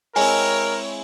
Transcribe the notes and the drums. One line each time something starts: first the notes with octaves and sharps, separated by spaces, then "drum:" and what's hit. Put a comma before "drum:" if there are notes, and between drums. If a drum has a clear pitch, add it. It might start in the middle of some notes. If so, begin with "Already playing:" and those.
G#3 C4 E4 A#4 C#5 G#5, drum: open hi-hat